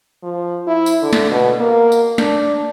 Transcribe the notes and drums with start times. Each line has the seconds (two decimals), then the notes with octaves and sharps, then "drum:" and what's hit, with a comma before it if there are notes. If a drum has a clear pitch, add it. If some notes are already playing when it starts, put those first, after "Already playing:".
0.23 F3
0.67 E4
0.86 drum: tambourine
1.02 D3
1.13 drum: snare
1.30 B2
1.60 A#3
1.92 drum: tambourine
2.18 D4, drum: snare